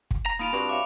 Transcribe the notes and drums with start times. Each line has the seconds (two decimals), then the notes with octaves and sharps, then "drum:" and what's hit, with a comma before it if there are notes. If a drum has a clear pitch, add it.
0.11 drum: kick
0.26 A#5
0.39 A#3 D#4 F4 A5 B5 D#6 D7 F7
0.53 G2 C4 F4 F#4
0.69 C#5 E5 F5 D6